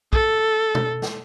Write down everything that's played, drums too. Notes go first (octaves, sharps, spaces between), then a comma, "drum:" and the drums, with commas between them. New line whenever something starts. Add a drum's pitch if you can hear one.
A4, drum: kick
drum: tom
drum: snare